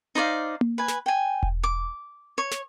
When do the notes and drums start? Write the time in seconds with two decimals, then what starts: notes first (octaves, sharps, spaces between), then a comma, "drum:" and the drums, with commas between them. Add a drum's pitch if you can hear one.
0.15 D#4 C5 D5 F5
0.61 drum: tom A#3
0.78 B4 G#5
0.88 drum: snare
1.06 G5 G#5
1.43 drum: kick E1
1.64 D6
2.38 C#5
2.51 drum: snare